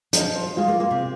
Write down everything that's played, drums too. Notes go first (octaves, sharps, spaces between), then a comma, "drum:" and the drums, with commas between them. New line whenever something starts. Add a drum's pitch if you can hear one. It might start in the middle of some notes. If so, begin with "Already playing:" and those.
F3 D#5, drum: hi-hat
C5
G#3 F4
A#3
A#3 F4
C3